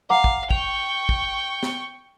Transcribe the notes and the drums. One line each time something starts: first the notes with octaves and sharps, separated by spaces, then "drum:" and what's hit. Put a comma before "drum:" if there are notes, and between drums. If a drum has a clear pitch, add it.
F5 F#5 A#5 D6
drum: kick
G5 C#6 F7, drum: kick
drum: kick
drum: snare